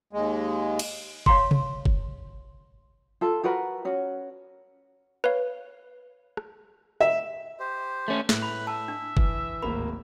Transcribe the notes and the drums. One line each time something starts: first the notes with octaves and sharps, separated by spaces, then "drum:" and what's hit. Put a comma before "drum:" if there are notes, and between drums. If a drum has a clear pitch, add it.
D#2 G#3
drum: cymbal
C#5 F5 A#5 C6, drum: kick
drum: tom C3
drum: kick
F4 A4
F4 F#4 A#4 B4
C#4 F#4
B4 C#5 F5
drum: rim click
E5
G4 C5
A3 C#4
A2 B4, drum: snare
B5
E5 A5
D4
E3, drum: kick
D1 G#1 A#3 B5